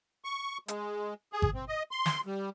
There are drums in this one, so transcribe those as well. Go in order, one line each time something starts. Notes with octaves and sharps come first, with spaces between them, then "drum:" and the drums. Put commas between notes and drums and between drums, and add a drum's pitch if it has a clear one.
C#6
G#3, drum: hi-hat
G#4
drum: kick G#1
C4
D#5
C6
drum: snare
G3